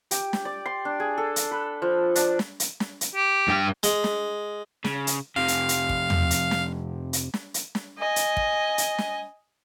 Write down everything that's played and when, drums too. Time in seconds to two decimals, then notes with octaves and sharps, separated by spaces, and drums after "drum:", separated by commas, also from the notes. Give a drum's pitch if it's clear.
0.11 G4, drum: hi-hat
0.33 drum: snare
0.45 D5
0.66 C6
0.85 D4
1.00 G#4
1.18 A4
1.36 drum: hi-hat
1.51 B4
1.82 F3
2.15 D4, drum: hi-hat
2.39 drum: snare
2.60 drum: hi-hat
2.80 drum: snare
3.01 drum: hi-hat
3.15 G4
3.48 G2 G5
3.83 G#3, drum: hi-hat
4.04 drum: snare
4.85 C#3, drum: snare
5.07 drum: hi-hat
5.36 F2 C3 F5
5.48 drum: hi-hat
5.69 drum: hi-hat
5.89 drum: kick
6.10 drum: tom
6.31 drum: hi-hat
6.51 drum: snare
7.13 drum: hi-hat
7.34 drum: snare
7.54 drum: hi-hat
7.75 drum: snare
7.99 D#5 G#5
8.16 drum: hi-hat
8.37 drum: kick
8.78 drum: hi-hat
8.98 drum: snare